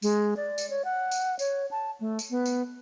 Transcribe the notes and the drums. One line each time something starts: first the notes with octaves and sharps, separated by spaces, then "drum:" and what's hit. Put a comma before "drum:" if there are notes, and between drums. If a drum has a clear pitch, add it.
G#3, drum: tambourine
D5
drum: tambourine
C#5
F#5
drum: tambourine
C#5, drum: tambourine
A5
A3
drum: tambourine
B3
drum: tambourine